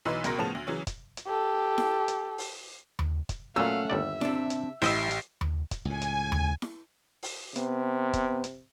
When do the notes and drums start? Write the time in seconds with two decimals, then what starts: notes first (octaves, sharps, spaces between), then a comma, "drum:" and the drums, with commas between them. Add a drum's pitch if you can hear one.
0.05 B1 E3 D#4 B4 C6 E6
0.24 C#2 B2 A#4 C6 A#6, drum: hi-hat
0.38 A2 C#3 F3 B3 A5 F7
0.55 D2
0.67 C#3 E3 F#3 C#4
0.87 drum: kick, hi-hat
1.17 drum: hi-hat
1.26 G4 A4
1.78 drum: snare E4
2.08 drum: hi-hat
2.38 drum: open hi-hat
2.99 drum: tom D#2
3.29 drum: kick, hi-hat
3.56 A#2 F#3 A3 C#4 F5 F#5 E6
3.90 G1 D#2 D5 E5
4.21 C3 D4, drum: snare E4
4.50 drum: hi-hat
4.82 A1 E4 G4 C5 D#5 E5 C7, drum: open hi-hat
5.11 drum: hi-hat
5.41 drum: tom D#2
5.71 drum: kick, hi-hat
5.85 C#2 A2 G#5
6.01 drum: hi-hat
6.32 drum: tom D#2
6.62 drum: snare E4
7.23 drum: open hi-hat
7.56 C3 B3, drum: hi-hat
8.13 drum: kick, hi-hat
8.44 drum: hi-hat